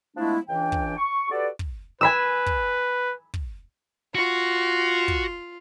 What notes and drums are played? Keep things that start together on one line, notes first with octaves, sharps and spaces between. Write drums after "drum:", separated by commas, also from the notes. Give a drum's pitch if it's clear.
F3 G#3 A3 B3 D4 E4
C#2 E3 D4 G5
drum: kick
C#6
F#4 G4 A4 B4 D5
drum: kick
B4 G#5 B5 E6
drum: kick
drum: kick
F4 F#4
drum: kick